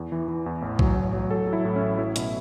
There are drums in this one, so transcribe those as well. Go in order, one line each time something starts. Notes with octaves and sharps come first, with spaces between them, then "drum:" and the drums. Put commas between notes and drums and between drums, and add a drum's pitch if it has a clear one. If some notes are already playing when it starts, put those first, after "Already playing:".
Already playing: E2
E3
E3
E2
A1
F#3, drum: kick B1
A1
F#3
F#3 A4
F#3
E4
A2
C#4
A1
F#3 E4
B2, drum: hi-hat